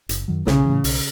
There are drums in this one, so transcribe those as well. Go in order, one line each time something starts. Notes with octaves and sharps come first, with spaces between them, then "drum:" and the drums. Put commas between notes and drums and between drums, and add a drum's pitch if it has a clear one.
F#1, drum: hi-hat
F#2 D#3 F#3
B1 C#3, drum: snare
A2 E3
B1, drum: open hi-hat